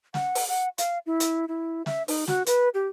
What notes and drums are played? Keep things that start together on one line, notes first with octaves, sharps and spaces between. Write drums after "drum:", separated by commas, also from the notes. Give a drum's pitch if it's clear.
F#5, drum: snare
drum: open hi-hat
F#5
F5, drum: hi-hat
E4
drum: hi-hat
E4
E5, drum: snare
D#4, drum: open hi-hat
F#4, drum: snare
B4, drum: hi-hat
G4